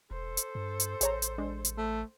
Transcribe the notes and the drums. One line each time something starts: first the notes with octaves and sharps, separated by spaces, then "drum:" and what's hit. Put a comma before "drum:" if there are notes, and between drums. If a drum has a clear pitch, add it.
E1 A4 C5
drum: hi-hat
G2
drum: hi-hat
A1 G#4 C#5 A#5, drum: hi-hat
drum: hi-hat
G#3 D4
drum: hi-hat
A3